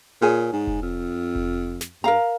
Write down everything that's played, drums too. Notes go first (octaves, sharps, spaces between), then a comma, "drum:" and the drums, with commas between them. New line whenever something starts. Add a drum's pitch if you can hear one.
A#2 G#4 C#5 G#5
G#2
drum: kick F1
F2
drum: kick F1
drum: snare
G2 A#4 F5 A#5